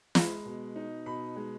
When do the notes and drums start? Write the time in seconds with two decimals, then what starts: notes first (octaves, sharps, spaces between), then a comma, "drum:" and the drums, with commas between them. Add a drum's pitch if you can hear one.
0.15 G#3 B5, drum: snare
0.45 B2
0.76 D#4
1.06 B2 B5
1.36 G#3